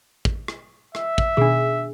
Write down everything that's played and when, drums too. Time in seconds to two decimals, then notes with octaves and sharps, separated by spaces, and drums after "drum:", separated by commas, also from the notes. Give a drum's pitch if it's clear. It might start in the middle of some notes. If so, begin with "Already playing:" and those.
0.25 drum: kick
0.48 drum: rim click
0.95 E5, drum: rim click
1.18 drum: kick
1.37 B2 D#3 D4 G#4